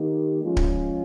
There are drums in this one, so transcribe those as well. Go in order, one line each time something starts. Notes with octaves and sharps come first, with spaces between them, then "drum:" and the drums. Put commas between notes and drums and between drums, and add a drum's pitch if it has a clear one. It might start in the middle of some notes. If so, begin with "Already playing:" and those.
Already playing: D#3 A#3 D#4 G4
F3 G#3 C#4 F4
drum: kick D1